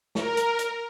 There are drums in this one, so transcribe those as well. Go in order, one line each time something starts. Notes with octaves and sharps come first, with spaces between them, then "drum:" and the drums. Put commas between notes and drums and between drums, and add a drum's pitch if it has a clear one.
A#4, drum: snare
drum: hi-hat
drum: hi-hat